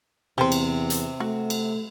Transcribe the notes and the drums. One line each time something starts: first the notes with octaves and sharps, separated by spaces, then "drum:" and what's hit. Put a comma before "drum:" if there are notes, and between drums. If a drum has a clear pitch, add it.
E2 C3 G4 C5
drum: cymbal
drum: hi-hat
A3 F#4
drum: cymbal